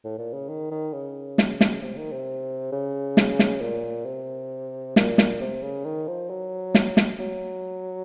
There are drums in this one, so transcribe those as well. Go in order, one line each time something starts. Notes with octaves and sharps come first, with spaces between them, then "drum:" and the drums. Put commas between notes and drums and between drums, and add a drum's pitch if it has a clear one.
A2
A#2
C#3
D#3
D#3
C#3
drum: snare
drum: snare
C3
D#3
C3
C#3
drum: snare
drum: snare
A#2
C3
A#2, drum: snare
drum: snare
C3
C#3
D#3
F3
F#3
drum: snare
drum: snare
F#3